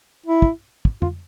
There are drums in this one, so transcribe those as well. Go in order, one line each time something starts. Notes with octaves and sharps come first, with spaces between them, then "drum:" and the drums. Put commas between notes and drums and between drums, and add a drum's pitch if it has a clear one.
E4
drum: kick
drum: kick
F4, drum: tom